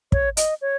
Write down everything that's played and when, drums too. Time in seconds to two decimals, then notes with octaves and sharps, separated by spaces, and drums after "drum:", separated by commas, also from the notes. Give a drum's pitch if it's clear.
0.12 C#5, drum: kick
0.37 D#5, drum: hi-hat
0.62 C#5